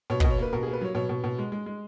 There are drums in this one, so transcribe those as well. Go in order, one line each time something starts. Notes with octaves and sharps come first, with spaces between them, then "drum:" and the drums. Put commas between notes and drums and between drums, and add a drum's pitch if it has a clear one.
B2 C#5
D#5, drum: kick
B2
C#5
A#3 B4
B2 A#4
G#4
A#3
B4
F#3 C#5
B2 C#5
B2
B2
G#3
G#3
G#3